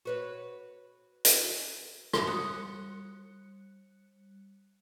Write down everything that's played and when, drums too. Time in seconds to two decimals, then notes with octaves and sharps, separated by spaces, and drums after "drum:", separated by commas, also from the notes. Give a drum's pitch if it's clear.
0.05 F#4 B4 C#5
1.25 drum: hi-hat
2.13 drum: rim click
2.27 G3 D#6 F#6 C#7